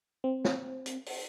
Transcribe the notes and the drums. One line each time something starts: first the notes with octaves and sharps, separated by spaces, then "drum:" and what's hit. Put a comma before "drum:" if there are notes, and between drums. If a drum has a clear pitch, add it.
C4
drum: snare
drum: hi-hat
drum: open hi-hat